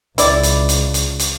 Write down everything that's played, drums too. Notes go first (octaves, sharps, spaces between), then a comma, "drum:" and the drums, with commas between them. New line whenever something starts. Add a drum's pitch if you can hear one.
C#2 E4 D5, drum: hi-hat
drum: hi-hat
drum: hi-hat
drum: hi-hat
drum: hi-hat